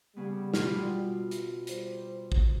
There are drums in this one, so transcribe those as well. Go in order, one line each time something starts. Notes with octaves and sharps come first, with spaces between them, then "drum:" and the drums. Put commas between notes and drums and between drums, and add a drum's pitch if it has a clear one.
C#3 G3 B3
B2 F4 F6, drum: snare
drum: hi-hat
G3 C5, drum: hi-hat
drum: kick A1